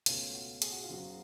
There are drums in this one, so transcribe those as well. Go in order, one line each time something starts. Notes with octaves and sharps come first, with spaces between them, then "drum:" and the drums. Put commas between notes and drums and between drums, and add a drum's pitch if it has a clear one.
C#2 B2 A3 C#4 F4, drum: hi-hat
F#4
G#4, drum: hi-hat
F#4
F4
F#1 F#2 C#3 F#3 F#4